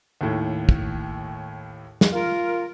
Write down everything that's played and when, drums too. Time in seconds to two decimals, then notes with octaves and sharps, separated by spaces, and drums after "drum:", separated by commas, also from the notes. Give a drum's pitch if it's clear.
0.21 D#2 A2
0.69 drum: kick
2.01 drum: snare
2.13 F4 A#4